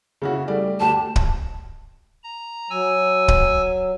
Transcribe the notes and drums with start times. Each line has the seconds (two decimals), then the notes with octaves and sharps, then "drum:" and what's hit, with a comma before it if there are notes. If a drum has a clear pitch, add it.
0.22 C#3 E4 F#4
0.48 G3 A3 D5
0.80 D2 G4 A5
1.16 drum: kick
2.23 A#5
2.70 F#3 G#5 E6
3.28 drum: kick